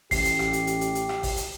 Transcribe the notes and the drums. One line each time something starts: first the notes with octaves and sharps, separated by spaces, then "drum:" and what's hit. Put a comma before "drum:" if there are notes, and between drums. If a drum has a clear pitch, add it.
A1 G4 C7, drum: kick, open hi-hat
drum: hi-hat
drum: rim click
drum: hi-hat
drum: hi-hat
drum: hi-hat
drum: hi-hat
drum: rim click
drum: kick, open hi-hat
drum: hi-hat